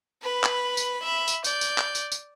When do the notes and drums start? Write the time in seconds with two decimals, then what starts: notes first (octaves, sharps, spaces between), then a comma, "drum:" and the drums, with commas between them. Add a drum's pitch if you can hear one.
0.22 B4 B5
0.44 drum: clap
0.77 drum: tambourine
1.02 E5 B5
1.28 drum: tambourine
1.44 D5 G6, drum: tambourine
1.61 drum: tambourine
1.78 drum: clap
1.95 drum: tambourine
2.12 drum: tambourine